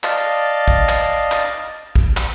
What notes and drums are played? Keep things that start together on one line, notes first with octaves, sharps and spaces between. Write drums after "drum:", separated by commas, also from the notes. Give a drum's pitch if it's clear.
D5 D#5 F5 A5, drum: clap
drum: kick
drum: clap
drum: clap
drum: kick
drum: clap